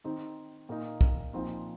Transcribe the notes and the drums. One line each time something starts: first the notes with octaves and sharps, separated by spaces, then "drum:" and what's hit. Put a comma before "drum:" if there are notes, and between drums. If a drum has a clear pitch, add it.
D#3 C4 D#4
A#2 A#3 D#4
drum: kick
A#2 F3 C4 D#4